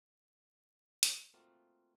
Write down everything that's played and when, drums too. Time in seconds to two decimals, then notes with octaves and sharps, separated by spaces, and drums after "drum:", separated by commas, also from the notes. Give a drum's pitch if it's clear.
1.03 drum: hi-hat
1.34 A3 A#3 C4 F4 F#4